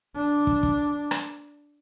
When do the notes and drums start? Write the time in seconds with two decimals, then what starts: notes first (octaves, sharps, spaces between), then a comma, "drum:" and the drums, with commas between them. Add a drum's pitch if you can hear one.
0.15 D4
0.47 drum: kick
0.63 drum: kick
1.11 drum: rim click